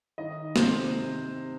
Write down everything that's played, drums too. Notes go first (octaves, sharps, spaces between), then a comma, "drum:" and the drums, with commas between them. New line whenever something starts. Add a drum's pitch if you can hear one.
D#3 D#5
C3 C5, drum: snare